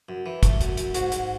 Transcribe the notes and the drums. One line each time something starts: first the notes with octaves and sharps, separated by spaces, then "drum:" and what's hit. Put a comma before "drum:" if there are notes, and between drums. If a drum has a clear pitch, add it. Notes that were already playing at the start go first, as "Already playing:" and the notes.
F#2
E3
A3, drum: kick, hi-hat
F#2, drum: hi-hat
F#2, drum: hi-hat
G#2 F#4, drum: hi-hat
G#2, drum: hi-hat